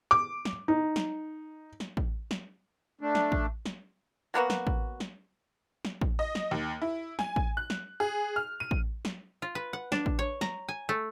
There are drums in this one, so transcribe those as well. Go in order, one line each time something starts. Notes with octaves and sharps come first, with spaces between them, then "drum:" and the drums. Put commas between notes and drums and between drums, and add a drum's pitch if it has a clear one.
D6
drum: snare
D#4
drum: snare
drum: snare
drum: kick A1
drum: snare
A3 D4
drum: snare
drum: kick A1
drum: snare
F#3 A#3 B3 F#4
drum: snare
drum: kick A1
drum: snare
drum: snare
drum: kick A1
D#5
drum: snare
D#2
E4
G#5, drum: snare
drum: kick A1
F#6
drum: snare
G#4
F6
D#7
drum: kick A1
drum: snare
F4
B4
F#5
D4, drum: snare
drum: kick A1
C#5
A#5, drum: snare
G#5
A3